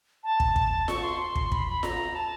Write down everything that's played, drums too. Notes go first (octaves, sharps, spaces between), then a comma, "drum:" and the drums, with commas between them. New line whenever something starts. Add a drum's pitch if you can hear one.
A5
drum: kick
drum: kick
C#6, drum: snare F4
C6
C6
drum: kick
B5, drum: kick
B5
A#5, drum: snare F4
A5